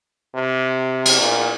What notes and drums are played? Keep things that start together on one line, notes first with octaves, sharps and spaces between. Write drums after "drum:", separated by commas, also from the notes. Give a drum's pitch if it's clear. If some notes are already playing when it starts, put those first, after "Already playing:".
C3
drum: cymbal
A#2